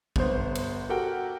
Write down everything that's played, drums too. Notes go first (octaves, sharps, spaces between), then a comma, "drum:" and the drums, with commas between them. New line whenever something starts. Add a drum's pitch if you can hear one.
G1 B3 C5, drum: kick G#1
drum: cymbal
F#4 G4 A4 A#4 F#5 G5